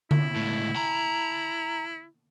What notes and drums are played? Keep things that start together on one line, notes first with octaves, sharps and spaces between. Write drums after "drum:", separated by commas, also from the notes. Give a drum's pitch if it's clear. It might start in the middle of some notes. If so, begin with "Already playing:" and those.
E4, drum: tom D3
C#2 A2
A#5 B5